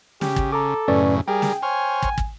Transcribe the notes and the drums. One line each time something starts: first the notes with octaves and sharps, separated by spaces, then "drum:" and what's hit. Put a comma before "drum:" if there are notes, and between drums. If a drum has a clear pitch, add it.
C#3 G4, drum: snare
drum: kick
A4 A#5 D6
F#2 A2 C#3 C#4 B4 D5
G3 G#4 A#4 G5
drum: snare
C5 C#5 G#5 F6
drum: kick
drum: kick